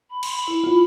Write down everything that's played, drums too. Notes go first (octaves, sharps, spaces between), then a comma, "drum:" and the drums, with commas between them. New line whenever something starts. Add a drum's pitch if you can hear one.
B5
C6, drum: cymbal
B5
E4
F4